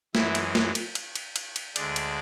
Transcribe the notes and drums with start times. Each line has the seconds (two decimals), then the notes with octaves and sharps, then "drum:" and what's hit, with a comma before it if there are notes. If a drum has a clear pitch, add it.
0.15 F#2 E3 G#3 E4 E5, drum: snare
0.35 drum: cymbal
0.55 drum: snare
0.75 drum: cymbal
0.95 drum: cymbal
1.15 drum: cymbal
1.36 drum: cymbal
1.56 drum: cymbal
1.76 D2 D3 G#3 D4 D5, drum: cymbal
1.96 drum: cymbal